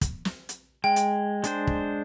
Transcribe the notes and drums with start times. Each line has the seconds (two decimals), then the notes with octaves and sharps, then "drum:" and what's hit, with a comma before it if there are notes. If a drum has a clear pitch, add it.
0.01 drum: kick, hi-hat
0.25 drum: snare
0.49 drum: hi-hat
0.84 G#3 G5
0.96 drum: hi-hat
1.44 G#3 D4 C5, drum: hi-hat
1.67 drum: kick